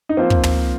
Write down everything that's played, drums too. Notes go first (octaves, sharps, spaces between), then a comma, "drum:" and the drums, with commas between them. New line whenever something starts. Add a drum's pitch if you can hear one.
D#4
F3 A#3 C4 F4 C5
drum: kick
drum: tom